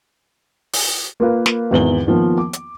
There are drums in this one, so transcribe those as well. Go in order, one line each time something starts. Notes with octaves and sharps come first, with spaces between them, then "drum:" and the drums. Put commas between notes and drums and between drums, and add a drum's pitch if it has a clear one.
drum: open hi-hat
A#3 F4 A#4 B4 F5
drum: snare
G#1 E2 F#7 G7
D#3 F3 A#3 B3
D6
drum: hi-hat